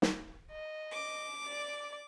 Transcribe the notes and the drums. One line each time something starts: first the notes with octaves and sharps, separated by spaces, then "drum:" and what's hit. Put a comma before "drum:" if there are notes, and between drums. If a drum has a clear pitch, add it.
drum: snare
D#5
D6
D5